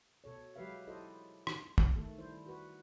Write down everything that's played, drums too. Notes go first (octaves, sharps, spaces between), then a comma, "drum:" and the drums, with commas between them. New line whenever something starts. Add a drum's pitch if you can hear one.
B2 A4 C#5
F#3 G#3 G4 B4 E5 F5
E4 G4 A4 C5 D#5
drum: rim click
drum: kick
D#3 A3 A4
G3 E4 C5
F#4 B4